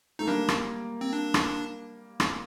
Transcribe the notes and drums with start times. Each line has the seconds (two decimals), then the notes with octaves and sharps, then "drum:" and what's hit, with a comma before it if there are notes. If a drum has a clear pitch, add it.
0.19 A3 D#4
0.27 G3 A#3 D4
0.48 drum: rim click
1.01 C4
1.13 D4
1.34 drum: rim click
2.20 drum: rim click